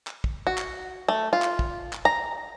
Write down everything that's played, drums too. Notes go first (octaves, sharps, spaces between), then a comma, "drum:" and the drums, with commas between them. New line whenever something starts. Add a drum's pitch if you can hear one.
drum: clap
drum: kick
F#4
drum: clap
A3
F4
drum: clap
drum: kick
drum: clap
A#5